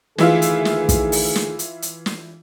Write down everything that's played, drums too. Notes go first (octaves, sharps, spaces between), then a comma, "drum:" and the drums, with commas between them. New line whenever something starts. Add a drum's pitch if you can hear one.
D2 D#3 E3 E4 F4 G#4, drum: snare
drum: hi-hat
drum: snare
drum: kick, hi-hat
drum: open hi-hat
drum: snare
drum: hi-hat
drum: hi-hat
drum: snare